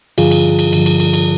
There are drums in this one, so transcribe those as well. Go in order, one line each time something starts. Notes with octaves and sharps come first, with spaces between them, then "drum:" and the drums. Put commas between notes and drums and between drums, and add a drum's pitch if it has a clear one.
G2 D3 F3 F4 G#4, drum: cymbal
drum: cymbal
drum: cymbal
G2 D3 F3, drum: cymbal
drum: cymbal
drum: cymbal
drum: cymbal